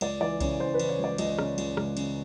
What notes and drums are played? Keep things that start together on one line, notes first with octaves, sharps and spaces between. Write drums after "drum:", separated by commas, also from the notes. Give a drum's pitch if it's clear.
C#2 D5, drum: cymbal
E3 D5
C#3 C#5, drum: kick C2, cymbal
E3 C5
B4
E3, drum: cymbal
C#5
C#2 D5
C#2 D#5, drum: cymbal
C#3, drum: rim click
C#2, drum: cymbal
C#2, drum: rim click
C#3, drum: cymbal